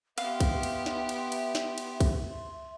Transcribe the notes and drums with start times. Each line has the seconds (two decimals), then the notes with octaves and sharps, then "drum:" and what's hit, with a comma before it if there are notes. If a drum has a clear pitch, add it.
0.18 B3 G4 E5 F5 C6, drum: cymbal
0.40 drum: kick, cymbal
0.63 drum: cymbal
0.86 drum: snare
1.09 drum: cymbal
1.32 drum: cymbal
1.55 drum: snare
1.78 drum: cymbal
2.01 drum: kick, cymbal